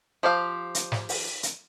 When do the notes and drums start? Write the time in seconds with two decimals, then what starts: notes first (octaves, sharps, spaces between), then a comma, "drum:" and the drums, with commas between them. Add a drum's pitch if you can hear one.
0.23 F3 G4 F5
0.75 drum: hi-hat
0.92 drum: snare
1.09 drum: open hi-hat
1.43 drum: hi-hat